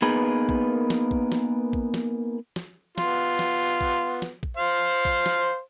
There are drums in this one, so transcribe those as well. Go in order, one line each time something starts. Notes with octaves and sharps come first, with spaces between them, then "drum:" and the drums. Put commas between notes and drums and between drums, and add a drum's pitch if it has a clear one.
A#3 B3 D#4 G#4 A#4 B4
drum: kick A#1
drum: snare
drum: kick A#1
drum: snare
drum: kick A#1
drum: snare
drum: snare
B3 F4, drum: snare
drum: snare
drum: kick A#1
drum: snare
drum: kick A#1
C5 F5
drum: kick A#1
drum: snare